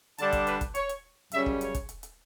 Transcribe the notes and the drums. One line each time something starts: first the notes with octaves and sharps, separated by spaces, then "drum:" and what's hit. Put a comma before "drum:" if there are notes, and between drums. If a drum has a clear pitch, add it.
D3 G3 D4 A5, drum: hi-hat
drum: kick, hi-hat
B4, drum: hi-hat
drum: kick, hi-hat
C#5, drum: hi-hat
drum: hi-hat
F#2 C#3 G3 C#4 E5, drum: hi-hat
drum: kick
C#5, drum: hi-hat
drum: kick, hi-hat
drum: hi-hat
drum: hi-hat